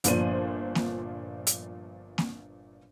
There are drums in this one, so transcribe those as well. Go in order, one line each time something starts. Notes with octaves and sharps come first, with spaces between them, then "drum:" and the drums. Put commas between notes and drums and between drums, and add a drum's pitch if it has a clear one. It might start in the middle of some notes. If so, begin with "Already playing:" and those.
G1 A#2 F3 D4 C5 D#7, drum: hi-hat
drum: snare A#3
drum: hi-hat
drum: snare A#3